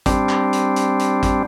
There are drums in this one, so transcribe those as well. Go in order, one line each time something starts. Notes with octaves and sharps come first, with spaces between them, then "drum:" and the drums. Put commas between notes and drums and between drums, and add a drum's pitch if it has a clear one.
G3 C4 D4, drum: kick, hi-hat
drum: clap
drum: hi-hat
drum: hi-hat
drum: hi-hat
drum: kick, hi-hat